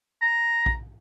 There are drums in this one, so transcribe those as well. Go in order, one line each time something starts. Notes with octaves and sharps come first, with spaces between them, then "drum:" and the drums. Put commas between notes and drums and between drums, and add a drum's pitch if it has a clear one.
A#5
drum: kick A#1